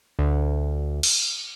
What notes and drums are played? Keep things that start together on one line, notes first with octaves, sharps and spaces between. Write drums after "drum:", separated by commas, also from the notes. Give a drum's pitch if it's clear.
D2
drum: cymbal